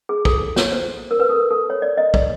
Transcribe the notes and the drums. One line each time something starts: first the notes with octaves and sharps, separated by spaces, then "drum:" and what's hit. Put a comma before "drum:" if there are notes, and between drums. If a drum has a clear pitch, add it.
G#4
A4, drum: kick
C#5, drum: snare
C5
A#4
B4
A4
A#4
A4
C#5
D5
D#5
D5, drum: kick